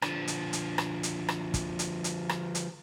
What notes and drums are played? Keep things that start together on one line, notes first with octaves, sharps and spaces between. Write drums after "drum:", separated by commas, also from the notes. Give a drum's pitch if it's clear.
D3 F3, drum: rim click
drum: hi-hat
drum: hi-hat
drum: rim click
drum: hi-hat
drum: rim click
drum: kick, hi-hat
drum: hi-hat
drum: hi-hat
drum: rim click
drum: hi-hat